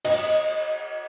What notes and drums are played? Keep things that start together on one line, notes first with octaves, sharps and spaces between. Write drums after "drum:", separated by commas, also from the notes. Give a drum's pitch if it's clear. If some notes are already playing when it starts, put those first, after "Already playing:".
D#5, drum: cymbal